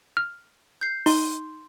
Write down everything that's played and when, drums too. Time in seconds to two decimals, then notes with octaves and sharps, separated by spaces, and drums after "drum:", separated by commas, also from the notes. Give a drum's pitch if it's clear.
0.17 F6
0.81 G6 C7
1.06 D#4 C6, drum: open hi-hat